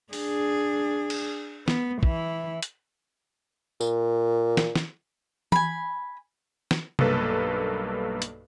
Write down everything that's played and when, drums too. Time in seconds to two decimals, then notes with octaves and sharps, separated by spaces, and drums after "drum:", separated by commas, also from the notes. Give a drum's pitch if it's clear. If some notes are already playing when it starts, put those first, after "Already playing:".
0.13 D4 G#4, drum: open hi-hat
1.10 drum: cymbal
1.68 B3, drum: snare
2.03 E3 E4, drum: kick
2.63 drum: hi-hat
3.81 A#2, drum: tambourine
4.57 drum: snare
4.76 drum: snare
5.52 G#5 B5, drum: tom E3
6.71 drum: snare
6.99 B1 G2 A#3 A4 B4, drum: tom C3
8.22 drum: hi-hat